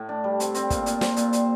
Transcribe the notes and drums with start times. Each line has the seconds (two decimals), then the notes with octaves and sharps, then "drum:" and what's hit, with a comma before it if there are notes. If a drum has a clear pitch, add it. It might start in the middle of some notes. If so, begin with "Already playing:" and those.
Already playing: A2
0.09 D4
0.24 G3
0.40 C4, drum: hi-hat
0.54 C4, drum: hi-hat
0.70 A#2, drum: kick, hi-hat
0.86 A#2, drum: hi-hat
1.01 C4, drum: snare
1.16 A#2, drum: hi-hat
1.33 C5, drum: hi-hat